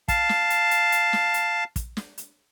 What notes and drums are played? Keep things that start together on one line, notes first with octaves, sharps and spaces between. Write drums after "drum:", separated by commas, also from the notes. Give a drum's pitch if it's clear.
F5 A5, drum: kick, hi-hat
drum: snare
drum: hi-hat
drum: hi-hat
drum: hi-hat
drum: snare
drum: hi-hat
drum: kick, hi-hat
drum: snare
drum: hi-hat